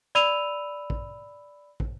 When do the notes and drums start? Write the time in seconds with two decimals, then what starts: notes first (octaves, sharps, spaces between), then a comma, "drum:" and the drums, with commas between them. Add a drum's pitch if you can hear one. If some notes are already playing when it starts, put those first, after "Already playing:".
0.15 D5 B5 E6 D#7 F7
0.90 drum: kick
1.80 drum: kick